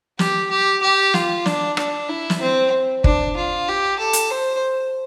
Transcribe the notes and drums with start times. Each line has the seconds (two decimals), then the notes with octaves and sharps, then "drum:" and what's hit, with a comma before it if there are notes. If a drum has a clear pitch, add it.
0.19 G4, drum: snare
0.50 G4
0.82 G4
1.14 F4, drum: snare
1.46 D4, drum: snare
1.77 D4, drum: rim click
2.08 E4
2.30 drum: snare
2.41 C4
3.04 D4, drum: kick
3.36 F4
3.68 G4
3.99 A4
4.13 drum: hi-hat
4.31 C5